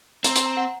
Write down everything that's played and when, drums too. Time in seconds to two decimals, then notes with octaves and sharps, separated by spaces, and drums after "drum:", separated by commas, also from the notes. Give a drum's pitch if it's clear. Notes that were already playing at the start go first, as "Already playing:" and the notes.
0.24 C4 A#5, drum: hi-hat
0.36 C6, drum: hi-hat
0.46 A#5
0.57 F#5